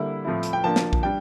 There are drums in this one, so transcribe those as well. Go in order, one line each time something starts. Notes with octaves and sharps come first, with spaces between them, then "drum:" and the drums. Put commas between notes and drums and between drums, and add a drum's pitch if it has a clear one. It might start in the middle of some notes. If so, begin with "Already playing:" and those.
Already playing: D3 G3 A#3 E4
A2 F3 C4 E4
drum: hi-hat
G5
F3 A#3 D4 A5
drum: snare
drum: kick A#1
G3 D4 G5